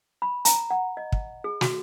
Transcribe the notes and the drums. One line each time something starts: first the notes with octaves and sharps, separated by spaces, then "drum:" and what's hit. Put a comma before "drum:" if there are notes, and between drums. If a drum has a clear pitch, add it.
B5
A#5, drum: hi-hat
F#5
D#5
drum: kick
G#4
F#4, drum: snare